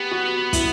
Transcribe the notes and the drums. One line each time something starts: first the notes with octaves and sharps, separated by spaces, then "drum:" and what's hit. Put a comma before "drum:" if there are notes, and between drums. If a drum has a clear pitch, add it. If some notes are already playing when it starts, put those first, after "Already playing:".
Already playing: B3 G4
F#4
E4, drum: kick, hi-hat